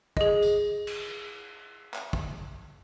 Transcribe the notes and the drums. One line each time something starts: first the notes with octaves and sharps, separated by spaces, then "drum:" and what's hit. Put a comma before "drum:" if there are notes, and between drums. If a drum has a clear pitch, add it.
G#4 D#5, drum: kick
drum: tambourine
drum: cymbal
drum: clap
drum: kick